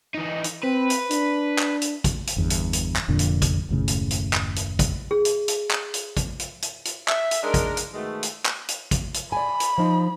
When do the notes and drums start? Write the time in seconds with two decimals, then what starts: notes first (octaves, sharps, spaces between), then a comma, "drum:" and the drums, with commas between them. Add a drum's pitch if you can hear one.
0.15 E3 D#4
0.44 drum: hi-hat
0.63 C4 B4
0.90 drum: hi-hat
1.10 D4, drum: hi-hat
1.59 drum: clap
1.81 drum: hi-hat
2.04 drum: kick, hi-hat
2.27 drum: hi-hat
2.37 G1 E2 G2
2.50 drum: hi-hat
2.73 drum: hi-hat
2.96 drum: clap
3.08 F1 F2 A#2 D3
3.19 drum: hi-hat
3.42 drum: kick, hi-hat
3.69 F#1 D#2 A2 C#3
3.88 drum: hi-hat
4.10 drum: hi-hat
4.33 drum: clap
4.56 drum: hi-hat
4.79 drum: kick, hi-hat
5.11 G#4
5.25 drum: hi-hat
5.48 drum: hi-hat
5.71 drum: clap
5.94 drum: hi-hat
6.17 drum: kick, hi-hat
6.39 drum: hi-hat
6.62 drum: hi-hat
6.85 drum: hi-hat
7.08 E5, drum: clap
7.31 drum: hi-hat
7.43 G#3 D4 D#4 A#4
7.54 drum: kick, hi-hat
7.77 drum: hi-hat
7.94 B2 D#3 G#3 A3
8.23 drum: hi-hat
8.46 drum: clap
8.68 drum: hi-hat
8.91 drum: kick, hi-hat
9.14 drum: hi-hat
9.32 D5 G#5 B5
9.60 drum: hi-hat
9.78 F3 D#4